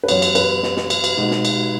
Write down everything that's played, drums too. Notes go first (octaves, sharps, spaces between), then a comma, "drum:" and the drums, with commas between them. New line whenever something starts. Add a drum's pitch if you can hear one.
B4
F#2 E3 B3 F#4 C#5, drum: cymbal
drum: cymbal
B4, drum: cymbal
drum: snare
drum: snare
drum: cymbal
drum: cymbal
B2 G#3 D#4 F#4
drum: snare
drum: cymbal